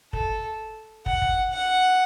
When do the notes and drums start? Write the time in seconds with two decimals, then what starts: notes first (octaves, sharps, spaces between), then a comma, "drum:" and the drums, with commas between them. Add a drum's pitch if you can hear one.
0.13 A4, drum: kick
1.06 F#5, drum: kick
1.22 drum: kick
1.53 F#5